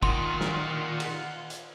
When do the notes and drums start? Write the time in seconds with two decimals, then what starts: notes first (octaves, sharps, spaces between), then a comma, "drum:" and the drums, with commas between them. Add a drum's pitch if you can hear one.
0.03 A#2 D#3 F4 F#5 C6, drum: kick
0.41 drum: snare
1.00 drum: cymbal
1.50 drum: hi-hat